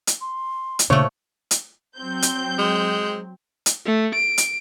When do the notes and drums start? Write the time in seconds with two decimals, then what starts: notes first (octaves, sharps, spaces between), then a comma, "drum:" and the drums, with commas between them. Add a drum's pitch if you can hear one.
0.07 drum: hi-hat
0.21 C6
0.79 drum: hi-hat
0.90 A#2 C#3 A3 A#3 D4 C5 C#5
1.51 drum: hi-hat
1.98 F#3 C4 G6
2.22 drum: hi-hat
2.58 G#3
3.66 drum: hi-hat
3.86 A3
4.15 D7
4.38 drum: hi-hat